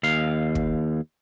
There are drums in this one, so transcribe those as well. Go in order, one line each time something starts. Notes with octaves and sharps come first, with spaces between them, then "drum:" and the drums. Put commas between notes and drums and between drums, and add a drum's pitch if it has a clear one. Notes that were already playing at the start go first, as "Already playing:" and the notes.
D#2 F5
drum: kick